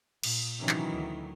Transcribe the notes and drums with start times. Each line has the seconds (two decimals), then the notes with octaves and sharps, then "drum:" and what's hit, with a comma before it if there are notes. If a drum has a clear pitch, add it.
0.23 A#2, drum: cymbal
0.60 C3 D#3 E3 F#3 C#4
0.69 drum: clap
0.93 D2